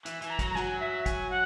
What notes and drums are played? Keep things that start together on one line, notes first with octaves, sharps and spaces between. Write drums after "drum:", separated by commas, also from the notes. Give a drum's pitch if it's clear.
E3, drum: hi-hat
E3 G#5, drum: hi-hat
A#5
F#3, drum: kick, hi-hat
A#5
F#3 G#5, drum: snare
E5
G#5, drum: kick, hi-hat
F#5